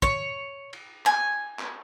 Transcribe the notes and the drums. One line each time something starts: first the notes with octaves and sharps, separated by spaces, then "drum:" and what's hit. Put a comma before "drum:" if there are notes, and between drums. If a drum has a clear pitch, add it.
C#5, drum: kick
drum: cymbal
G#5, drum: clap
drum: clap